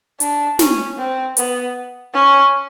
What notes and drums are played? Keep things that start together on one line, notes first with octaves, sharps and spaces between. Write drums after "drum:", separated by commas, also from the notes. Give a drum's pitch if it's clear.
D4, drum: hi-hat
C#4, drum: snare
C4
B3, drum: hi-hat
C#4